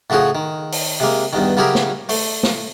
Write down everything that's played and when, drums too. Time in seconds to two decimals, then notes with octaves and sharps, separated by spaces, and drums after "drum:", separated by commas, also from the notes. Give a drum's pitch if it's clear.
0.10 A2 C#3 F3 F#4 G#4
0.35 D#3
0.72 drum: open hi-hat
1.00 C3 G#3 A#3
1.33 E2 G2 D#3
1.57 C#3 F#3 E4 G4 G#4 A#4
1.75 drum: snare
2.09 A3, drum: open hi-hat
2.43 drum: snare